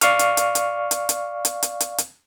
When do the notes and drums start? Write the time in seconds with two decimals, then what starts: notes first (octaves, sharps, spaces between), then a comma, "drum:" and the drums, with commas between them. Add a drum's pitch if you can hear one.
0.01 D5 F5 C#6 F6, drum: hi-hat
0.19 drum: hi-hat
0.37 drum: hi-hat
0.55 drum: hi-hat
0.91 drum: hi-hat
1.09 drum: hi-hat
1.45 drum: hi-hat
1.63 drum: hi-hat
1.80 drum: hi-hat
1.98 drum: hi-hat